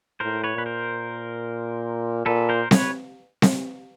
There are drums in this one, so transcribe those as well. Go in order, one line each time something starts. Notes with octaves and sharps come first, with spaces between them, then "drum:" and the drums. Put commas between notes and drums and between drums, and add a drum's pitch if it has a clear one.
A2 A#4 C5
B4 C#5
A#2 B4
A#4 C5
A#2 A4 B4
A#4 C5
B4 C#5, drum: snare C4
drum: snare C4